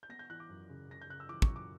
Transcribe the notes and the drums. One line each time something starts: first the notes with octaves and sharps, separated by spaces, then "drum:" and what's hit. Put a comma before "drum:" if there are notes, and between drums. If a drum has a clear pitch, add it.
G6
B3 A#6
G6
E3 F#6
D6
F#2
C#3
C#3 A#6
G6
C#3 F#6
E6
E3 D6
C#6, drum: kick
F#2
D6